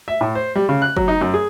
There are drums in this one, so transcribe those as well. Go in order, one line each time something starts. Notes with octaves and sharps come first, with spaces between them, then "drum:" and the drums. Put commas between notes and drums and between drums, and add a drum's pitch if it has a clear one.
E5
A2
C5
G3
C#3
F#6
F#3, drum: kick
D#4
F#2
G#4